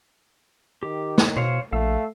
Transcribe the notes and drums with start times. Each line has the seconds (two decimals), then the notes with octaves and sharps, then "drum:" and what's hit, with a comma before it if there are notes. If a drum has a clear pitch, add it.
0.83 D#3 G4
1.18 drum: snare
1.37 B2 C5 C#5 F5
1.73 A#1 A3 F5 E6